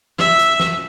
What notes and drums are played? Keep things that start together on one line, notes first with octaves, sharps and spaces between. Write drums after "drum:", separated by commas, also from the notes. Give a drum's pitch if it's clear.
E5, drum: snare
drum: hi-hat
drum: snare